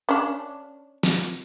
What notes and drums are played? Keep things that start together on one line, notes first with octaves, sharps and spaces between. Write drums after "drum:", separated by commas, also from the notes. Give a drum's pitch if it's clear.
C#4 D4
drum: snare